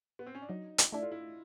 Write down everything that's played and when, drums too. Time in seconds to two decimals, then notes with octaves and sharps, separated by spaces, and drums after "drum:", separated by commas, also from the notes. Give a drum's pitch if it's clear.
0.19 B3
0.26 C4
0.35 C#4
0.42 D4
0.49 F#3 D#4
0.78 drum: hi-hat
0.92 A3 D4 E4
1.02 F4
1.11 E4